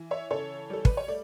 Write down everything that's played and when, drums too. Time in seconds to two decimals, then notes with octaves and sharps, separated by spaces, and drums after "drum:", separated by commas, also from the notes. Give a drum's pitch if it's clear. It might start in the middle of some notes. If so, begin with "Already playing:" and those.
Already playing: E3
0.11 C#5 E5
0.30 C#3 A4 C#5
0.70 G3 A4
0.85 B4, drum: kick
0.97 C#5
1.08 A3 D5